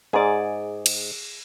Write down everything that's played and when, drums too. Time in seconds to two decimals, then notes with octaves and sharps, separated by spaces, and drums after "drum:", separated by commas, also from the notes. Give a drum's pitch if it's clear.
0.13 G#2 G#4 D5
0.86 drum: cymbal